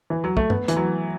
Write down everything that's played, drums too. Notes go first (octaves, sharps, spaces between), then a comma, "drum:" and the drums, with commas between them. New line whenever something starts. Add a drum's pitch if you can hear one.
E3
F#3
A3, drum: kick
B3, drum: tom
E3, drum: hi-hat
F#3